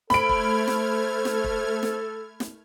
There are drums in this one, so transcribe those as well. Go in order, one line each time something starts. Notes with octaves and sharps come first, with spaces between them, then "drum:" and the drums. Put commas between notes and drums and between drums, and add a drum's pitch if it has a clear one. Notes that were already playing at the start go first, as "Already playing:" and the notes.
A3 A4 C5 B5 F6 G#6 D7, drum: snare
drum: kick
drum: snare
drum: snare
drum: kick
drum: snare
drum: snare